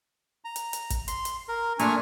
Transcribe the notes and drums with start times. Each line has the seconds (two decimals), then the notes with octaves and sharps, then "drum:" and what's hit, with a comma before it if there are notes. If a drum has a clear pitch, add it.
0.44 A#5
0.56 drum: hi-hat
0.73 drum: hi-hat
0.90 drum: kick, hi-hat
1.08 C6, drum: hi-hat
1.25 drum: hi-hat
1.48 A#4
1.79 A#2 A3 D4 G#5 A#5 C#6, drum: hi-hat